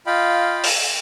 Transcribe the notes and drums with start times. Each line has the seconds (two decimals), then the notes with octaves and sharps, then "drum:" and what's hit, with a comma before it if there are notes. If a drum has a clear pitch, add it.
0.07 F4 D#5 F5 G5 B5
0.63 drum: open hi-hat